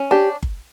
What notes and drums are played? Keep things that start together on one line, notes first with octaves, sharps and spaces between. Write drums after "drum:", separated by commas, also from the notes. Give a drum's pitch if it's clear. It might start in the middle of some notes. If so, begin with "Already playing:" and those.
Already playing: C#4
D4 G4
drum: kick G1